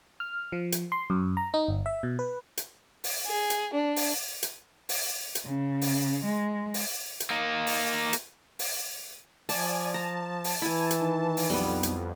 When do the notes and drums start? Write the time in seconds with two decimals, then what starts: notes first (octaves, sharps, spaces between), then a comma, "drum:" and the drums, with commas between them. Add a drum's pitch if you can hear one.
0.20 F6
0.52 F3
0.72 drum: hi-hat
0.92 C6
1.10 F#2
1.37 A#5
1.54 D#4
1.68 G1
1.86 E5
2.03 B2
2.19 B4
2.57 drum: hi-hat
3.04 drum: open hi-hat
3.27 G#4
3.50 drum: hi-hat
3.74 D4
3.96 drum: open hi-hat
4.43 drum: hi-hat
4.89 drum: open hi-hat
5.35 drum: hi-hat
5.45 C#3
5.81 drum: open hi-hat
6.24 G#3
6.74 drum: open hi-hat
7.20 drum: hi-hat
7.30 A#3 D#4
7.67 drum: open hi-hat
8.13 drum: hi-hat
8.59 drum: open hi-hat
9.49 F3 D5 G#5 A5, drum: open hi-hat
9.94 A5 A#5
10.44 drum: open hi-hat
10.62 E3 E4 G#5
10.91 drum: hi-hat
11.01 D#3
11.37 drum: open hi-hat
11.50 B1 F2 G3 B3
11.83 drum: hi-hat